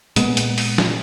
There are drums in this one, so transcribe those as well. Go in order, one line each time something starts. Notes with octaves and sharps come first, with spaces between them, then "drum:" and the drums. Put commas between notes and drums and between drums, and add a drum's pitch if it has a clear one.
A#2 G#3 B3, drum: hi-hat
drum: hi-hat
drum: open hi-hat
drum: snare